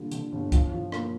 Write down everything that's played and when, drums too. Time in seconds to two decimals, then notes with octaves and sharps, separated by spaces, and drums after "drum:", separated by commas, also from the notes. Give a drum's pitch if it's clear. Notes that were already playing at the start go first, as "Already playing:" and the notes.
Already playing: A#2 D3 G3
0.12 D3, drum: hi-hat
0.32 G1
0.52 F3, drum: kick, hi-hat
0.72 F3
0.92 A#3, drum: rim click